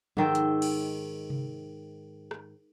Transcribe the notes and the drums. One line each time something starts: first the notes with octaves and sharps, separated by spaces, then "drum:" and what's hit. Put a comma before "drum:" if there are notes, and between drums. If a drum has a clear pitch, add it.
G#2 D#3 A4 G5, drum: tom F3
drum: hi-hat
drum: cymbal
drum: tom C3
drum: rim click